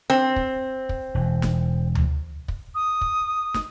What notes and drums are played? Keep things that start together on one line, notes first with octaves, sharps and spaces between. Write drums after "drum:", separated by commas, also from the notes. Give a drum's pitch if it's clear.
C4
drum: kick
drum: kick
E1
drum: snare
drum: tom D2
drum: kick
D#6
drum: kick
drum: snare